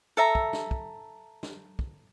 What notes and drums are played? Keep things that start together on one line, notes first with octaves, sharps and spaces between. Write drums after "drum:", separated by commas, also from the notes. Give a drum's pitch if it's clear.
A4 E5 A#5
drum: kick
drum: snare
drum: kick
drum: snare
drum: kick